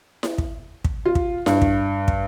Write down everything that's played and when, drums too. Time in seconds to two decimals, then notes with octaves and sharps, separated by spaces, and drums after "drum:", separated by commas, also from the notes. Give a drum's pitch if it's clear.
0.23 drum: snare E4
0.38 drum: kick
0.85 drum: kick
1.05 F4
1.15 drum: kick
1.46 G2, drum: snare E4
1.62 drum: kick
2.08 drum: kick